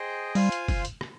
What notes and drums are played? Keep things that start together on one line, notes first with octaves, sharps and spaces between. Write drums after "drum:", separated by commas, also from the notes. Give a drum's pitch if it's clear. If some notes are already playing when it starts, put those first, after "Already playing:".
Already playing: G#4 C5 D#5 G5
G3 F4 C5 F5 G#5, drum: open hi-hat
drum: hi-hat
drum: kick F#1, open hi-hat
drum: hi-hat
drum: rim click